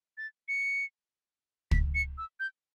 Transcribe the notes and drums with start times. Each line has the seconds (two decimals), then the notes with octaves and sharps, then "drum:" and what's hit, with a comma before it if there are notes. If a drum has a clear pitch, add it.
0.18 A6
0.48 C#7
1.71 B6, drum: kick
1.95 C#7
2.18 E6
2.40 G6